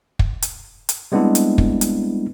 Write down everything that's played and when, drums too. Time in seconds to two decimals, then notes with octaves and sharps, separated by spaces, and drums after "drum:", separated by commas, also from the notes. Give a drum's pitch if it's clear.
0.19 drum: kick
0.42 drum: hi-hat
0.89 drum: hi-hat
1.12 G3 G#3 B3 C4 D4 E4
1.35 drum: hi-hat
1.58 drum: kick
1.81 drum: hi-hat